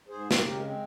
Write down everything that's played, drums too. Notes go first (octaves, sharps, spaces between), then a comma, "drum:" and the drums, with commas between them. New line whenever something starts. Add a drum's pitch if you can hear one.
G#2 G#4 C5
C#3 G4 A#4, drum: snare
G#3
C4